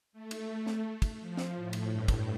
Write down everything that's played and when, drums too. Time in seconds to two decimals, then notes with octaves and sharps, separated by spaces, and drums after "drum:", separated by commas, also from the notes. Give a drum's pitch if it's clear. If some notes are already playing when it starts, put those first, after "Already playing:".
0.13 A3
0.31 drum: cymbal
0.66 drum: snare C4
1.02 drum: kick, cymbal
1.20 F3
1.37 drum: snare C4
1.56 A2
1.73 drum: cymbal
1.90 G2
2.08 drum: kick, cymbal